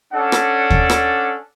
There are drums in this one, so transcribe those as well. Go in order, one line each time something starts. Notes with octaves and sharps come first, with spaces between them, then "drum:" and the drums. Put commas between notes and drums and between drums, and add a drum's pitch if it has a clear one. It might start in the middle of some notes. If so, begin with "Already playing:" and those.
C#4 D4 A4 D5 F#5
drum: rim click
drum: kick
drum: rim click